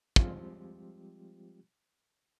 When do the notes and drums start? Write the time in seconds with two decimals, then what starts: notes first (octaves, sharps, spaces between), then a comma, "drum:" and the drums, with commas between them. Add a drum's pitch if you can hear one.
0.16 F3 G3 G#3 C4 F4 G4, drum: kick